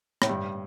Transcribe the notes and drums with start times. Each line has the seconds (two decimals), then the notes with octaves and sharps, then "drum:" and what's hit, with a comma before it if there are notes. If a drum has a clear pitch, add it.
0.22 A2, drum: rim click
0.29 G2